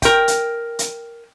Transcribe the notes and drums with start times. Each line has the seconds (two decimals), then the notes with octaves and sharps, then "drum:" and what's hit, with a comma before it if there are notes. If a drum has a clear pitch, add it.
0.02 A#4 G5, drum: kick, hi-hat
0.28 drum: hi-hat
0.79 drum: hi-hat